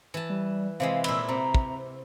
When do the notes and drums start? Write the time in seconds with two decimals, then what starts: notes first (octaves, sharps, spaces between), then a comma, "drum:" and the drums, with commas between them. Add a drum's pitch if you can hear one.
0.14 E3 A5
0.30 G3
0.80 C3 E3 G#3 F5
1.04 A#2 E4 E6, drum: cymbal
1.29 C3 A#5
1.54 drum: kick